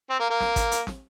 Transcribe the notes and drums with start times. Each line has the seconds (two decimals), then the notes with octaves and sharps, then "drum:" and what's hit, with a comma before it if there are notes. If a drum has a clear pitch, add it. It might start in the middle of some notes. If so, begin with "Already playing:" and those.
0.10 C4
0.20 A#3
0.30 A#3
0.41 drum: snare
0.56 drum: kick G#1, hi-hat
0.71 drum: hi-hat
0.87 drum: snare